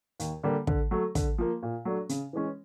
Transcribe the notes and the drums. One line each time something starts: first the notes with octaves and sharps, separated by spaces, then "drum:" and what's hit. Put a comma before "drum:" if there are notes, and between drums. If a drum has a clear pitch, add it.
D#2, drum: hi-hat
D3 G3 A#3
D3, drum: kick
F#3 A3
D3, drum: kick, hi-hat
F3 A#3
A#2
F#3 A3 D4
C#3, drum: hi-hat
E3 G#3 C#4